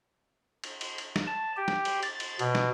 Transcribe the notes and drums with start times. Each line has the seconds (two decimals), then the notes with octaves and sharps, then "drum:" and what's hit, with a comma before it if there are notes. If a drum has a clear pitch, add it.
0.64 drum: cymbal
0.81 drum: cymbal
0.98 drum: cymbal
1.16 drum: snare
1.27 A5
1.57 G4
1.68 drum: snare
1.85 drum: cymbal
2.03 A6, drum: cymbal
2.20 drum: cymbal
2.39 B2, drum: cymbal
2.55 drum: snare